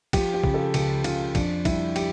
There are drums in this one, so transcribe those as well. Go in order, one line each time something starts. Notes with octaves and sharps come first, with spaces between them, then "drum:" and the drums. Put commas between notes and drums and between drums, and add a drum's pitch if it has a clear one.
F3 G4, drum: kick, cymbal
G4
C#3, drum: kick
A4
C#2 G4, drum: cymbal
C#3 F4, drum: cymbal
F2 D4, drum: kick, cymbal
G3 E4, drum: kick, cymbal
G4, drum: cymbal